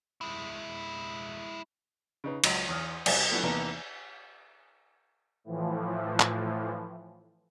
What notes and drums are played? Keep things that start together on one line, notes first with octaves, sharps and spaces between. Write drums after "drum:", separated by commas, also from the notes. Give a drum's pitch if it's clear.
G#3 E4
C#3 D#4 B4
C#2 F#3 D#5 A#5, drum: cymbal
E2 C#5 D#6 F6
C2 G3 D#5, drum: cymbal
F3 F#3 A3 B3 D4 E4
E2 C3 A#3 B3 D#4 A5
A2 E3 F3
drum: clap